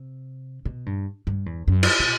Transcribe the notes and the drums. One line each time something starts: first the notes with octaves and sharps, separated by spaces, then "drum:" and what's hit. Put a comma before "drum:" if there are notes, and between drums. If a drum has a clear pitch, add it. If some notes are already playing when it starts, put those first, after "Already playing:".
Already playing: C3
B2
G2
G2
E2
F#2
drum: cymbal
B2